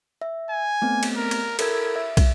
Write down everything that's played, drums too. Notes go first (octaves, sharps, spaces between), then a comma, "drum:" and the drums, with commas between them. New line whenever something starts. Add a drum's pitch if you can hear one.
E5
G#5
A3 B3 C4
drum: cymbal
A#4
drum: cymbal
E4 A4 A#4 G#6, drum: cymbal
E5
drum: kick, cymbal